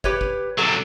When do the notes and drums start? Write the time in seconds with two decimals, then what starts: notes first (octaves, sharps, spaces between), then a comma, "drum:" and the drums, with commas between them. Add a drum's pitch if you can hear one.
0.04 G4 B4 C#5, drum: kick
0.21 drum: kick
0.58 C3 F#3 A4